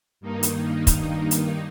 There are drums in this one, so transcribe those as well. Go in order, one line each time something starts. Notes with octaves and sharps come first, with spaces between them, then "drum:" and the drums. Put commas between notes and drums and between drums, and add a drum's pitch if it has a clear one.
G2 D#3 A#3 D#4
drum: hi-hat
drum: kick, hi-hat
drum: hi-hat